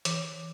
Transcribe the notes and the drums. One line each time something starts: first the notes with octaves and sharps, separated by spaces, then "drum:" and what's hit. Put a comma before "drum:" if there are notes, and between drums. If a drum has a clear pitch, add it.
E3, drum: hi-hat